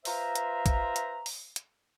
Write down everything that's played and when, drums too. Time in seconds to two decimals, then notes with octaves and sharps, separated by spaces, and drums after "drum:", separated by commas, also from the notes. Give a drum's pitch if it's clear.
0.05 F4 B4 C5 E5 A#5, drum: open hi-hat
0.35 drum: hi-hat
0.66 drum: kick, hi-hat
0.96 drum: hi-hat
1.26 drum: open hi-hat
1.56 drum: hi-hat